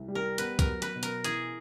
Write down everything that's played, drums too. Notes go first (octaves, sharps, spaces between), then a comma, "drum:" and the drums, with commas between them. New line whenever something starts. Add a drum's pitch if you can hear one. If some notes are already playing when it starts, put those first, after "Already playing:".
Already playing: C2
G3
A#4
B3 B4, drum: hi-hat
A#4, drum: kick, hi-hat
F#3
B4, drum: hi-hat
B2
A#4, drum: hi-hat
E3 G#4, drum: hi-hat